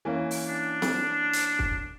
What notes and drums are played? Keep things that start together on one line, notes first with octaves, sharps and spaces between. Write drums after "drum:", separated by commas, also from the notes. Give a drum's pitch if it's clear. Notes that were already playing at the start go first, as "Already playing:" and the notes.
E3 A#3 C#4
drum: open hi-hat
D4
drum: snare C4
drum: hi-hat
drum: kick